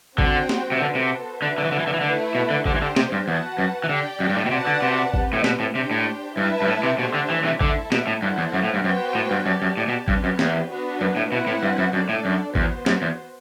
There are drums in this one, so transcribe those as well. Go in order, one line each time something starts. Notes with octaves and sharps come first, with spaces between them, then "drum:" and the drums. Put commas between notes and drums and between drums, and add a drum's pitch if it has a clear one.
D3 C4 F#4 C5 G5, drum: kick
drum: snare B3
C3
D3 B3 F#4 A4 C5
C3
D3 F#4 B4 E5
D3
E3
D3
E3
D3
E3
D3 A3 E4 B4
B2
D3
D3 G4 C5 G5, drum: kick
E3
D3
C3, drum: snare B3
G2
E2 F#4 B4 F#5 A5
F#2
E3
D3 G4 D5 G5
F#2
G2
A2
B2
C3 F#4 B4 D5 F#5 A5
D3
C3
C4 G4 B4, drum: kick
A2
B2, drum: snare B3
A2
C3 D4 G4 C5 G5
A2
G2 E4 B4 E5 A5
G2
A2
C3
B2 A3 D4 G4 C5 E5
D3
E3
C3 E3
D3 E4 A4 E5, drum: kick
B2, drum: snare B3
A2
G2 E4 A4 C5 F#5
E2
F#2
A2
G2
F#2 B3 F#4 C5 G5
A2
G2
F#2 G4 D5 A5
F#2
A2
B2
G2 C4 G4 B4, drum: kick
F#2
E2, drum: snare B3
B3 D4 F#4 B4
F#2
A2
B2 C4 E4 B4 F#5
A2
G2
F#2
F#2 D4 A4 D5
A2
F#2
E2 B3 F#4 C5, drum: kick
F#2, drum: snare B3
E2